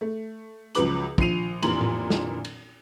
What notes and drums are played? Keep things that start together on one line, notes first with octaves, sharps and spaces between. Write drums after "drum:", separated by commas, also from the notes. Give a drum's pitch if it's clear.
A3
C#2 F3 F#3 B4 D6 F#7, drum: hi-hat
A#1 F3 C7 D#7 F7, drum: kick
F1 A#1 A#2 E3 C6 F#7, drum: cymbal
drum: tom A2
drum: snare
drum: cymbal